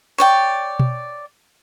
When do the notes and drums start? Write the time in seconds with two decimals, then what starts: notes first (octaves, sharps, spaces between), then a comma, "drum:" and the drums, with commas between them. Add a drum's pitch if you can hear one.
0.18 C#5 D5 G5
0.80 drum: tom B2